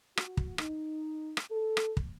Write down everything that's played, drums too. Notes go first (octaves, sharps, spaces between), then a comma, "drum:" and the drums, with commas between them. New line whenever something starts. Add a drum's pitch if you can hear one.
F#4, drum: rim click
drum: kick
D#4, drum: rim click
drum: rim click
A4
drum: rim click
drum: kick